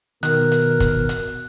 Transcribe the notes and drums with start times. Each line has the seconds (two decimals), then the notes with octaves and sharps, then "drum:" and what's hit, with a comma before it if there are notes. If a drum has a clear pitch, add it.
0.23 B2 D#3 A#4 F#6, drum: hi-hat
0.52 drum: hi-hat
0.80 drum: kick, hi-hat
1.09 drum: hi-hat